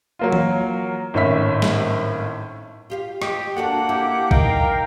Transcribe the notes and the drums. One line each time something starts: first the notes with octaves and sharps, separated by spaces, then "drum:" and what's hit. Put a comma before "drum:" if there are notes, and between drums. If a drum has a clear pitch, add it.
F#3 A#3 F4
drum: tom E3
G#1 A2 C#4 E5 B6
drum: snare
F4 G4 F5
G4 D#5, drum: rim click
A#3 D4 F#4 A4 F#5
E4 G4
D#4 A#4 F5 G5, drum: kick A1